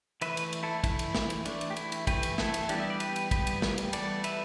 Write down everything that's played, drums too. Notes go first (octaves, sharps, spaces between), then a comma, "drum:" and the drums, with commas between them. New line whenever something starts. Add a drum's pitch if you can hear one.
E3 A3 B4 E5, drum: cymbal
drum: cymbal
drum: cymbal
E4 A4
E3 A3 E4, drum: kick, cymbal
drum: cymbal
drum: snare
drum: cymbal
E3 A3 D4, drum: cymbal
drum: cymbal
G4
E4, drum: cymbal
drum: cymbal
E3 A3 G4 B4, drum: kick, cymbal
drum: cymbal
E4 A4, drum: snare
drum: cymbal
E3 G3 B3 D4 G4, drum: cymbal
E5
D5
G4 B4, drum: cymbal
drum: cymbal
E3 G3 B3 G4 B4, drum: kick, cymbal
drum: cymbal
drum: snare
drum: cymbal
E3 G3 B3 A4 D5, drum: cymbal
B4 E5, drum: cymbal